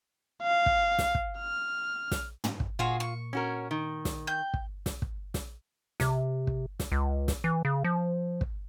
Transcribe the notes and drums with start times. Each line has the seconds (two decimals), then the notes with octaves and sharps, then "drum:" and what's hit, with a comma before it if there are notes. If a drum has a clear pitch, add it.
0.43 F5
0.66 drum: kick
0.98 drum: snare
1.15 drum: kick
1.39 F6
2.11 drum: snare
2.44 drum: tom
2.60 drum: kick
2.79 A#2 F4 F#4 G#4 C#5
3.00 C#6
3.33 C#4 F#4 A#4
3.71 D#3
4.05 drum: snare
4.27 G5 G6
4.54 drum: kick
4.86 drum: snare
5.02 drum: kick
5.34 drum: snare
6.00 C3, drum: snare
6.47 drum: kick
6.80 drum: snare
6.92 C#2
7.28 drum: snare
7.44 E3
7.65 C#3
7.84 F3
8.41 drum: kick